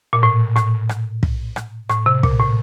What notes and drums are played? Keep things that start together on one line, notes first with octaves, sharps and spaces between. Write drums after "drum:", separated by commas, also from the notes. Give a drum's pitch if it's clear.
A#2
A2
A2, drum: rim click
drum: rim click
drum: kick
drum: rim click
A2, drum: rim click
C3
A#2, drum: kick
A2